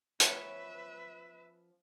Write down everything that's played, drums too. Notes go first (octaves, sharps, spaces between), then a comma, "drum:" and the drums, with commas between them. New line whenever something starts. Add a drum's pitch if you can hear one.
F3 B3 C#4 B4 E5, drum: hi-hat